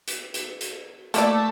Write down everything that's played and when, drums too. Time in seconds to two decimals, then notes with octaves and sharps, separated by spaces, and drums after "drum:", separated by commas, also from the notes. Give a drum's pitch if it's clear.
0.08 drum: hi-hat
0.34 drum: hi-hat
0.61 drum: hi-hat
1.14 A3 A#3 E4 D5, drum: hi-hat